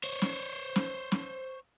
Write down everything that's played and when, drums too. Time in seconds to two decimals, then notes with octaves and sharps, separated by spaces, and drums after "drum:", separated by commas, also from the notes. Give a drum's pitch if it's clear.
0.04 C5 C#5
0.22 drum: snare
0.76 drum: snare
1.12 drum: snare